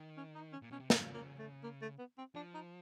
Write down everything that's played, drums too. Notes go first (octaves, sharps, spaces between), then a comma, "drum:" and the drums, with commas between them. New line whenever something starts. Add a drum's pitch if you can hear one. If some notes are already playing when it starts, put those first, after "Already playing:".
Already playing: D#3
C#4
D#4
C#4
A#2
B2 C#4
C3
C#3, drum: snare
A#3
A3
A#3
A3
B3
C4
F3 D4
D#4